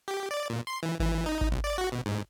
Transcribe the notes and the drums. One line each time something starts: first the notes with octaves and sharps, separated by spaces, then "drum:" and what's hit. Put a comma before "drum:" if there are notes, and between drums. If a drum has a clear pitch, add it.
G4
D5
A#2
C6
E3
E3, drum: kick G#1
D#4
drum: kick G#1
C2
D5
F#4
B2
G#2